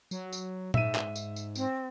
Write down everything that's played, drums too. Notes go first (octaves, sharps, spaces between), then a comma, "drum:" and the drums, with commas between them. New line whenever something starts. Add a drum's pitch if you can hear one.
F#3, drum: tambourine
drum: tambourine
G#2 E5 D#7, drum: tom A#2
drum: clap
drum: tambourine
drum: tambourine
C4, drum: tambourine